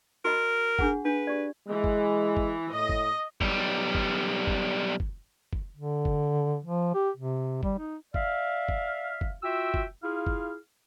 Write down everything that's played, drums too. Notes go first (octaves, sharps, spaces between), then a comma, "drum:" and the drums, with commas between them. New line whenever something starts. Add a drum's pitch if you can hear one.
F#4 A#4 D#5 B5
D4 G#4 F#5, drum: kick
D4 B4
G4 D5
E3 G#3
drum: kick
drum: kick
A2 D#5
drum: kick
B1 G3, drum: kick
drum: kick
drum: kick
drum: kick
drum: kick
D3
drum: kick
F3
G4
C3
G3, drum: kick
D#4
D5 E5 F5, drum: kick
drum: kick
drum: kick
F4 F#4 E5 G5 E6
drum: kick
E4 F4 G#4 F5
drum: kick